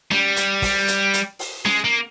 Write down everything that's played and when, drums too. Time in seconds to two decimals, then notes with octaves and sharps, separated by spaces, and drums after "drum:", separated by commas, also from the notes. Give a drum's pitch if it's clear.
0.11 G3, drum: snare C#4
0.36 drum: hi-hat
0.62 drum: kick, open hi-hat
0.88 drum: hi-hat
1.14 drum: hi-hat
1.39 drum: open hi-hat
1.66 G#3, drum: snare C#4
1.85 A#3